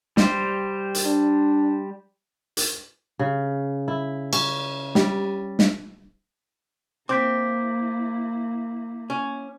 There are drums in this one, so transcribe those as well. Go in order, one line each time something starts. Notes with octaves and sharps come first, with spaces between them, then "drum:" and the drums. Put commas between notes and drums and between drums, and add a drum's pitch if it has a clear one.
G3 G4 C5, drum: snare
drum: hi-hat
D4
drum: hi-hat
C#3
E4
C#4, drum: cymbal
G3, drum: snare
drum: snare
A#3 C4 E4 D6 G6 B6
C#4